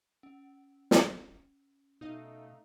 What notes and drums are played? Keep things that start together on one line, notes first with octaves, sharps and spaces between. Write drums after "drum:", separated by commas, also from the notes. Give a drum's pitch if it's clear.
C#4
drum: snare
B2 A3 D#4 D#5 F5